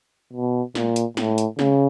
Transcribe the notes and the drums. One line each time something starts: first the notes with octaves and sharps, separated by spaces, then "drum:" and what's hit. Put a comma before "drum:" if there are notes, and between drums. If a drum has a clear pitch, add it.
B2
A#2, drum: snare
drum: hi-hat
A2, drum: snare
drum: hi-hat
C#3, drum: snare